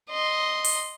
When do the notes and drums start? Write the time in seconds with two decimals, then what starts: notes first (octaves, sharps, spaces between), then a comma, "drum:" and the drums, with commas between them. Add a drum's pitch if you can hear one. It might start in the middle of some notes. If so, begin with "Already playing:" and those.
0.10 D#5 C6
0.64 drum: open hi-hat